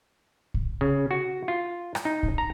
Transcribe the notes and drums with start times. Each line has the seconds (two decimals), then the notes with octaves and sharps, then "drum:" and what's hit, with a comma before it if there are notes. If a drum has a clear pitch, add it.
0.54 drum: kick A#1
0.81 C#3
1.11 F#4
1.48 F4
1.95 drum: rim click
2.05 D#4
2.23 drum: kick A#1
2.38 A#5